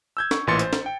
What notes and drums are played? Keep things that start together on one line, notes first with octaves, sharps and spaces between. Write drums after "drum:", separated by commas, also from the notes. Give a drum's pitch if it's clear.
E6 G6 G#6
C#6, drum: snare
A1 A#2 E3 C6 A6 C#7
C5, drum: hi-hat
drum: snare
G5